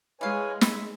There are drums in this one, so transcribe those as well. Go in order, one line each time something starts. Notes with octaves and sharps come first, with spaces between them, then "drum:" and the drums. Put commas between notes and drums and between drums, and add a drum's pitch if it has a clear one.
E3 G#3 B4 C#5 F5 G#5
B4 E5, drum: snare